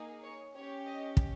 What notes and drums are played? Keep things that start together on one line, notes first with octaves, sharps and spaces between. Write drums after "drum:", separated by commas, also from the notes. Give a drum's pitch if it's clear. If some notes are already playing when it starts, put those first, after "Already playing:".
Already playing: A#3 D#4 G#4
C#5
C#4 G4 C#5
D#5
drum: kick